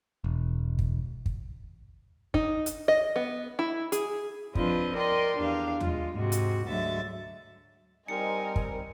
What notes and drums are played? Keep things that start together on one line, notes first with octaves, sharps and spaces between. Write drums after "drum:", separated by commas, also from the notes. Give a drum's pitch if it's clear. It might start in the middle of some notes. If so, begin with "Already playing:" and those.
E1
drum: kick
drum: kick
D#4, drum: kick
drum: hi-hat
D#5
B3
E4
G#4, drum: hi-hat
F3 C4 D4 F4 B4 D#5, drum: kick
A#4 D5 D#5 G5 C6
E2 D4 G4 A#4 F5
G#3 F4, drum: tom D#2
G#2 C3 F#4
drum: hi-hat
D2 G#2 F#3 G#3 E5 A6
G3 C4 D#4 A#4 D#5 G#5 C#7
drum: kick